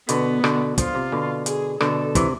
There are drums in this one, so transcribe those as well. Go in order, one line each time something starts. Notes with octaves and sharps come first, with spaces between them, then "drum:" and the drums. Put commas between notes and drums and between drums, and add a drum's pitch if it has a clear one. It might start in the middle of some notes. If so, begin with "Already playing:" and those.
B2 D3 B3, drum: hi-hat
B2 D3, drum: rim click
D3 F3 F4, drum: kick, hi-hat
C3
B2 D3
G#4, drum: hi-hat
B2 D3 A4, drum: rim click
C3 E3, drum: kick, hi-hat